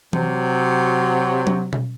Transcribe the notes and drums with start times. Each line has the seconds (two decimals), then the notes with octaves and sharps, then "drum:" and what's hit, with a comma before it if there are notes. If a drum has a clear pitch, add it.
0.13 C3 F#3, drum: tom E3
1.47 drum: tom F#3
1.73 drum: tom B2